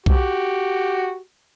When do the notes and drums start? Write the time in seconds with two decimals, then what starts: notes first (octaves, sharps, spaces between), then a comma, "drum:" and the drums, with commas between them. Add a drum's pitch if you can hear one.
0.06 F#4 G4, drum: kick